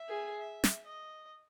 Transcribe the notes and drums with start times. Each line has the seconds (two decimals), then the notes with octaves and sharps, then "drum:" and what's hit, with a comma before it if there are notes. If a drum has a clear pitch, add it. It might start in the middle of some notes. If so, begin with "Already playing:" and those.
Already playing: E5
0.09 G#4
0.40 E5
0.64 drum: snare
0.87 D#5